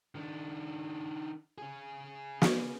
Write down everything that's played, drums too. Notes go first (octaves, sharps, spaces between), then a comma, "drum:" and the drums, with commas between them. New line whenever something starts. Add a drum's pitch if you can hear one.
D#3 D4
C#4 G#4
drum: snare